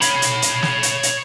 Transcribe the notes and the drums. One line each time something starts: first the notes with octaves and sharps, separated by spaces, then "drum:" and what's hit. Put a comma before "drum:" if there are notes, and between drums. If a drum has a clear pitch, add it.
C#5 B5, drum: hi-hat
drum: hi-hat
drum: hi-hat
drum: snare
drum: hi-hat
drum: hi-hat